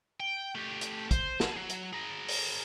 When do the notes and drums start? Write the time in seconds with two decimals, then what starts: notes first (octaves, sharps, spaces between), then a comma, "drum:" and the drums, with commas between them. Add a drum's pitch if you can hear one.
0.20 G5
0.55 A3 G4
0.81 drum: hi-hat
1.11 C5, drum: kick, hi-hat
1.40 G#4 A5, drum: snare
1.57 F#3
1.69 drum: hi-hat
1.93 G#4 A#4
2.28 drum: open hi-hat